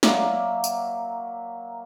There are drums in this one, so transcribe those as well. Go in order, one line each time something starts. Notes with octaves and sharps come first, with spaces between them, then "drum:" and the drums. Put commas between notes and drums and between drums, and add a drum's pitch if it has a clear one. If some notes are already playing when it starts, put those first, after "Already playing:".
F#3 A#3 D5 E5, drum: snare
drum: tambourine